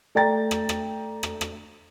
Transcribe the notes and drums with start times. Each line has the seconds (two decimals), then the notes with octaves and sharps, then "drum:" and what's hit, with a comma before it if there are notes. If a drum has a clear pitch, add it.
0.15 A3 D5 G5 A#5 A6
0.51 drum: rim click
0.69 drum: rim click
1.23 drum: rim click
1.41 drum: rim click